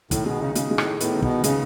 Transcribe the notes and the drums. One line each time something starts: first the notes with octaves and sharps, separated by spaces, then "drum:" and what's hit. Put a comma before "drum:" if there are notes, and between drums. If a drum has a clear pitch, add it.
A2 D#3, drum: kick, hi-hat
B2 G#3
C#3 D#4
C#3 G#3, drum: hi-hat
G#3
A2, drum: rim click
D#4
A2 B3, drum: hi-hat
D#3
B2, drum: kick
D#4
C#3 G#3, drum: hi-hat